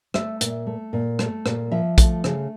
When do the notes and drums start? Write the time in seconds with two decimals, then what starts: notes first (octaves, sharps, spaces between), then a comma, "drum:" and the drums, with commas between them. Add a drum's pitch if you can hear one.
0.14 A3 E5, drum: rim click
0.41 A#2, drum: hi-hat
0.67 A3
0.93 A#2
1.19 A3, drum: rim click
1.46 A#2, drum: rim click
1.71 F3 E5
1.98 A3, drum: kick, hi-hat
2.24 C#3, drum: rim click